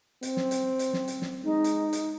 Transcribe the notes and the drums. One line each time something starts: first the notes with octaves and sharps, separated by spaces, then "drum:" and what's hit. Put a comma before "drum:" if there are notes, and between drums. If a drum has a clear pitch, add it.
C4, drum: hi-hat
drum: snare
drum: hi-hat
drum: hi-hat
drum: snare
drum: hi-hat
drum: snare
G#3 D#4
drum: hi-hat
drum: hi-hat